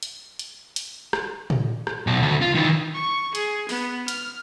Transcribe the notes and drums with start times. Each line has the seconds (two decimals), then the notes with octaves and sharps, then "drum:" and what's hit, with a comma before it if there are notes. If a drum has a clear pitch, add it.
0.03 drum: hi-hat
0.39 drum: hi-hat
0.76 drum: hi-hat
1.13 drum: rim click
1.50 drum: tom
1.87 drum: rim click
2.07 B1
2.22 D2
2.42 F4
2.55 D#3 E3
2.94 C#6
3.35 G#4, drum: hi-hat
3.69 B3, drum: open hi-hat
4.08 F6, drum: hi-hat